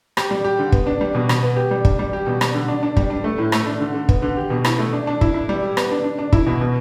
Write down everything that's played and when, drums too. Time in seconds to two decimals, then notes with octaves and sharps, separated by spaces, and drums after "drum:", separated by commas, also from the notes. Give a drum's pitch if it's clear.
0.17 G4, drum: rim click
0.31 G3
0.44 G4
0.59 D3
0.72 B3, drum: kick
0.87 D4
1.01 G3
1.15 B2
1.29 B2, drum: rim click
1.43 B3
1.56 G4
1.71 G3
1.85 D4, drum: kick
1.99 G3
2.13 G4
2.27 B2
2.41 G3, drum: rim click
2.54 D3
2.68 D4
2.83 D4
2.97 G3, drum: kick
3.10 D4
3.24 A3
3.38 A2
3.52 A3, drum: rim click
3.66 D4
3.80 D3
3.94 D3
4.09 B3, drum: kick
4.22 D3
4.37 G4
4.50 B2
4.65 E4, drum: rim click
4.78 A3
4.93 D4
5.07 D4
5.21 E4, drum: kick
5.34 E4
5.49 G3
5.63 G4
5.77 B3, drum: rim click
5.91 D4
6.04 D4
6.19 D4
6.32 E4, drum: kick
6.46 B2
6.61 B2